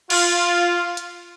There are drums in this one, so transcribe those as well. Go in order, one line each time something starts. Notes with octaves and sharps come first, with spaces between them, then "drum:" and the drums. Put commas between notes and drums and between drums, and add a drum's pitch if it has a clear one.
F4, drum: cymbal
drum: hi-hat